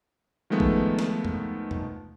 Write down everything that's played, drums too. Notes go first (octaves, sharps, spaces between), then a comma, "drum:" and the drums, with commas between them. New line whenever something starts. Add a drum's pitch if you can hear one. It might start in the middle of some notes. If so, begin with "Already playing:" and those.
D#3 F3 G#3 A3 B3
drum: kick A1
drum: snare
drum: tom E2
drum: tom E2